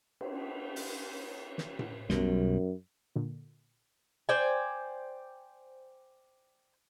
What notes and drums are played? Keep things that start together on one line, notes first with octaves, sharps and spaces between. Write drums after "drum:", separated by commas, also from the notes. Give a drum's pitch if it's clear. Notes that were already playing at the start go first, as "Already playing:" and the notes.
drum: cymbal
drum: open hi-hat
drum: snare
drum: tom A2
B1 F#2 B2 G3, drum: snare
A#2 D3
C5 D5 G5 G#5